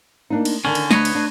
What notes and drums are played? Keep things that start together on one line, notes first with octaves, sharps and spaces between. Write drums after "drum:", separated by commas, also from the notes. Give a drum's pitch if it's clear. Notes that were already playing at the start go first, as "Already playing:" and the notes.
A#3 D4 D#4
drum: cymbal
D3 D#3 C#4 D4
drum: cymbal
D2 D4 B4 C#5 D#5, drum: snare
drum: cymbal
D4